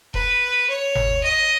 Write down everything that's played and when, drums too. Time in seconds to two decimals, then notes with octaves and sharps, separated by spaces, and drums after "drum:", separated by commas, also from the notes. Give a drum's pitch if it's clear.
0.14 B4, drum: kick E1
0.69 C#5
0.95 drum: tom G1
1.24 D#5